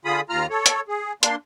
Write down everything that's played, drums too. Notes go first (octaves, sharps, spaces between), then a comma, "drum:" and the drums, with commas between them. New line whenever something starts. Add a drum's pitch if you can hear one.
D3 F4 G#4 B5 D#6
D#2 F4 A#5 F6
A4 C#5
drum: hi-hat
G#4
A#3 D4 C6, drum: hi-hat